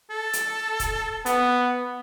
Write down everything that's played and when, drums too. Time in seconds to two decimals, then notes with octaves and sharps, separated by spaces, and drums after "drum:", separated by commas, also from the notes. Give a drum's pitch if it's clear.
0.10 A4
0.33 drum: hi-hat
0.80 drum: kick, hi-hat
1.26 B3, drum: hi-hat